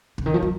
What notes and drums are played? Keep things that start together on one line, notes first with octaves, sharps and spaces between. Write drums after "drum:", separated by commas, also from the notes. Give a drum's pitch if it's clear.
C#3, drum: kick
D#3
F3
F#3